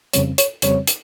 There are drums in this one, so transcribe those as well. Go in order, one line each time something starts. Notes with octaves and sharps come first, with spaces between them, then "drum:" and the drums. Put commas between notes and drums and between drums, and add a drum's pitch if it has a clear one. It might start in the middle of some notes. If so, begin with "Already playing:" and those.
F2 C#3 G3 C4 C#5, drum: hi-hat
C#5, drum: hi-hat
F2 C#3 G3 C4 C#5, drum: hi-hat
drum: hi-hat